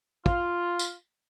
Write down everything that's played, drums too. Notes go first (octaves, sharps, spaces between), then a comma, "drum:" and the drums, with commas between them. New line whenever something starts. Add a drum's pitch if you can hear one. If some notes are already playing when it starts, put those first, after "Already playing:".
F4, drum: kick
drum: tambourine